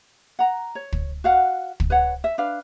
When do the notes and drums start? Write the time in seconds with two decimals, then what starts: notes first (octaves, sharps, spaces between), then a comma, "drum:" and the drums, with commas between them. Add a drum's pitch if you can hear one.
0.39 F#5 A#5
0.75 C#5
0.92 drum: kick
1.24 F#4 F5 F#5
1.80 drum: kick
1.90 B4 C#5 F#5
2.24 E5
2.38 D4 B4 F5